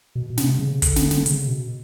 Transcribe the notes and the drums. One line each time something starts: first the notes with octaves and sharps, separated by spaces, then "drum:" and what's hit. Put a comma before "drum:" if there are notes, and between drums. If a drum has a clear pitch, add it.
B2
B2
C3, drum: snare
C#3
D3, drum: kick, hi-hat
drum: snare
drum: snare
C#3, drum: hi-hat
B2